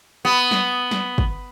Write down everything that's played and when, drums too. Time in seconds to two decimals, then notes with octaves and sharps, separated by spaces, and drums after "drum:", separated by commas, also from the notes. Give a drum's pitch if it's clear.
0.25 B3
0.51 drum: snare
0.91 drum: snare
1.18 drum: kick